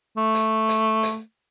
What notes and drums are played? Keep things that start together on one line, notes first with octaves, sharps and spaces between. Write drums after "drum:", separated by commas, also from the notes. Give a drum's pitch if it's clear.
A3
drum: hi-hat
drum: hi-hat
drum: hi-hat